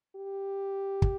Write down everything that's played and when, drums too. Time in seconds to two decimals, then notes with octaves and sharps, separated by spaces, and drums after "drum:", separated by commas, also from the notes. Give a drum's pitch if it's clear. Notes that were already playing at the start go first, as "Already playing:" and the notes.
0.16 G4
1.02 drum: kick